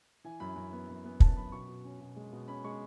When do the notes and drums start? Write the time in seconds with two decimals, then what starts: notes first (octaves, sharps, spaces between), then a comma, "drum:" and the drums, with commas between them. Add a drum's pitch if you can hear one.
0.24 E3 G#5
0.40 F#2 B5
0.56 F#2
0.72 B3
0.88 F#2
1.05 B3
1.20 F#2 A5, drum: kick
1.36 F#2 B5
1.52 B2 C#6
1.68 B2
1.84 C#4
2.00 B2
2.16 G#3
2.32 B2
2.48 C#4 B5
2.64 G#3 C#6